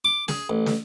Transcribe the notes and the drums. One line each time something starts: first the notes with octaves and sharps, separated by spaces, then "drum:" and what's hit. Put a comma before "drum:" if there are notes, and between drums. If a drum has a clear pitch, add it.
D6
G#4, drum: snare
A1
drum: snare